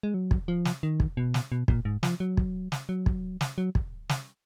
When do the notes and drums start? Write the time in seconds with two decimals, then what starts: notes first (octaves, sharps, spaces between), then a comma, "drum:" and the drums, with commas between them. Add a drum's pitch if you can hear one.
0.03 G#3
0.14 F#3
0.31 drum: kick
0.48 F3
0.65 drum: snare
0.83 D#3
1.00 drum: kick
1.17 B2
1.34 drum: snare
1.52 B2
1.68 A#2, drum: kick
1.85 G#2
2.03 F3, drum: snare
2.20 F#3
2.37 drum: kick
2.72 drum: snare
2.89 F#3
3.06 drum: kick
3.41 drum: snare
3.58 F#3
3.75 drum: kick
4.09 drum: snare